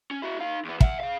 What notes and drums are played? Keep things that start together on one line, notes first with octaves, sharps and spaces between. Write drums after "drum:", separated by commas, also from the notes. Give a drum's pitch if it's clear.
C#4
E4 F#4
D#4 F5
E2 B3
E5 F#5, drum: kick
G#4 F5